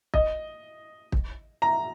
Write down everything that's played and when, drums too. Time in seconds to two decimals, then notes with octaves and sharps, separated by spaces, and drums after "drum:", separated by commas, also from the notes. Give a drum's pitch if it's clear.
0.14 D#5, drum: kick
1.12 drum: kick
1.62 A#5